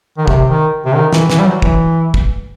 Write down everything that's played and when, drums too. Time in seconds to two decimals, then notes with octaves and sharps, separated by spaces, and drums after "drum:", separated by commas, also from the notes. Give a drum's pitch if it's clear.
0.18 D#3
0.28 C3, drum: kick
0.50 D#3
0.86 C3
0.95 D#3
1.13 E3, drum: snare
1.30 E3, drum: snare
1.39 G3
1.46 F#3
1.62 E3, drum: kick
2.14 drum: kick